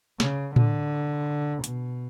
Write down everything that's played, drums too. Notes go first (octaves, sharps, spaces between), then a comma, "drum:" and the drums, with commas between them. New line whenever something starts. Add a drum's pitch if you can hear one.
C#3, drum: snare
D3, drum: tom A2
B2, drum: hi-hat